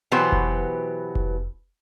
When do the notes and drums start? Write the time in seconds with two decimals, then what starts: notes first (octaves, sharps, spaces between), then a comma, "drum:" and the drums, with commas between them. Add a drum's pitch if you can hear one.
0.11 B2 E3 F#3 B3 G4 C5
0.32 drum: kick F1
1.15 drum: kick F1